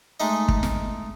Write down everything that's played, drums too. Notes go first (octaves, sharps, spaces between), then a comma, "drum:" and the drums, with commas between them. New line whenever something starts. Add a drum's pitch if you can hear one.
G#3 A3 D#4 D#5
drum: kick
drum: snare